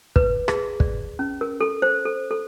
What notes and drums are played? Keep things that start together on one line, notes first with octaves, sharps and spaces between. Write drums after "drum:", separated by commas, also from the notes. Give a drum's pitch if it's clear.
B4, drum: kick
G#4, drum: rim click
D5, drum: kick
C#4
A#4
A4
C5
A4
A4